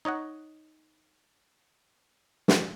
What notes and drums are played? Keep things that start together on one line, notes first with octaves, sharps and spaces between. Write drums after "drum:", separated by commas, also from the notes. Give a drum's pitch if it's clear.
D#4 C#5 D#5 F#5
drum: snare